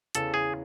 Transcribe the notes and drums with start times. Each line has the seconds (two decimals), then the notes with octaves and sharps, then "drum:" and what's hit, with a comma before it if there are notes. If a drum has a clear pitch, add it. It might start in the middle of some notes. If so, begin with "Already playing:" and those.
0.15 E2 C#3 E3 A4, drum: hi-hat
0.34 G#4